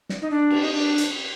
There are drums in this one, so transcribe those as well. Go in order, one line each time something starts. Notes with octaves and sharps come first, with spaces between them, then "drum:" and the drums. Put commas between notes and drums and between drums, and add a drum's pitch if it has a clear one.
drum: snare
D#4
D4
drum: cymbal
D#4
D4
drum: hi-hat